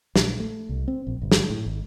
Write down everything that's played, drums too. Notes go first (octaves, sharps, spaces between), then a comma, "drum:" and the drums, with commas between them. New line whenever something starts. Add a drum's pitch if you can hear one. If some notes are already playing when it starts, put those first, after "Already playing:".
A#1, drum: snare
A3
C2
C4
A#1
G1
drum: snare
A2
G#1